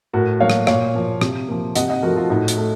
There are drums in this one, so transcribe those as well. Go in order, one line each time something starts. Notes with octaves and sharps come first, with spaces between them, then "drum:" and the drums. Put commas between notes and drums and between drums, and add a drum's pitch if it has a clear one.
A2 F#4 A#4
F#3 A#3 C#5 F5
drum: rim click
A#2 C#5 F5, drum: rim click
F3 A#3
C3, drum: rim click
F3 A#3
C3 D#5 F#5, drum: hi-hat
D#5 F#5
F3 A3 F#4 A#4
F4 A4
A2 D#4 F#4
drum: hi-hat
A3